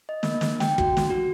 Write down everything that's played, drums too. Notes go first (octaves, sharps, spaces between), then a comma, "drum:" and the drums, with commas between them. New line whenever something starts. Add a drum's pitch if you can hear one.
D#5
A#3, drum: snare
drum: snare
G5, drum: snare
F#4, drum: kick
drum: snare
F#4